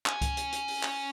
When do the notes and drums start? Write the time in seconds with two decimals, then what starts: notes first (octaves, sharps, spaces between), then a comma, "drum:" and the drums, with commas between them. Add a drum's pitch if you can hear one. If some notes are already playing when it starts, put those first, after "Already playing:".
0.06 C#4 G#5, drum: clap
0.21 drum: kick C#2, hi-hat
0.37 drum: hi-hat
0.52 drum: hi-hat
0.68 drum: open hi-hat
0.83 drum: clap